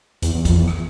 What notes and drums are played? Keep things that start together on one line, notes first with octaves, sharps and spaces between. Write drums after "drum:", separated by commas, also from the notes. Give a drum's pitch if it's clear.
E2, drum: hi-hat
E2
F2, drum: kick, hi-hat
E2
drum: rim click